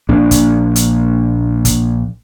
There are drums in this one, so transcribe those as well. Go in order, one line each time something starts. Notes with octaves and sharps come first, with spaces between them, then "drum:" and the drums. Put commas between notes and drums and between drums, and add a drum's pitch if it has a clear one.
A#1 A#3 D4
drum: kick, hi-hat
drum: hi-hat
drum: kick, hi-hat